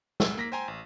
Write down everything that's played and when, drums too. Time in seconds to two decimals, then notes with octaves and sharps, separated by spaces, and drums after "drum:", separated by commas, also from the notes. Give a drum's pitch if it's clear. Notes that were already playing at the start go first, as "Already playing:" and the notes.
0.20 C2 E6, drum: snare
0.38 A#3 A#6 B6
0.52 C5 G5 G#5 A#5 C6
0.68 A1